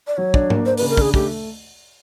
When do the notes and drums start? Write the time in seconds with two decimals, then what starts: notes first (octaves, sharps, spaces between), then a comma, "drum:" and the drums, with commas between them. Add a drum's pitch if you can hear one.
0.08 D5
0.17 F#3 C#5
0.34 D4, drum: kick
0.50 A#3, drum: tom G#2
0.66 D4 C5
0.77 B4, drum: open hi-hat
0.81 C#3
0.90 A#4
0.97 D4 G#4, drum: kick
1.14 A3 G4, drum: kick